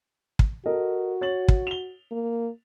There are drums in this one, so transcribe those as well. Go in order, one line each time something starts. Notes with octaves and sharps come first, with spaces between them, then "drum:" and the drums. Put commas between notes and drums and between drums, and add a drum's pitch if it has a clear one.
drum: kick
F#4 A4 A#4 D#5
C#5 A6 F#7
drum: kick
F7 G7
A#3